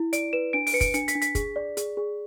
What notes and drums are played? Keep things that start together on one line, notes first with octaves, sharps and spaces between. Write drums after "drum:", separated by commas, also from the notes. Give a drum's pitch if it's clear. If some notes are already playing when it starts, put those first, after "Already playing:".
Already playing: E4
D5 D7, drum: hi-hat
B4 E7
D4 D7
D7, drum: open hi-hat
B4 C#7
D7, drum: kick, hi-hat
D4 C#7, drum: hi-hat
B6, drum: hi-hat
D4
B6, drum: hi-hat
G#4, drum: kick, hi-hat
D5
G#4, drum: hi-hat
G#4